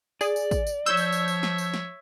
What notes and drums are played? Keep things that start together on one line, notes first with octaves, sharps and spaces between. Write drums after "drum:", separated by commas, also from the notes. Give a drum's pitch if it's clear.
G#4 D5, drum: tambourine
drum: tambourine
drum: kick A1, tambourine
drum: tambourine
F3 C#5 E5 E6 G6
drum: tambourine
drum: tambourine
drum: tambourine
drum: snare
drum: tambourine
drum: snare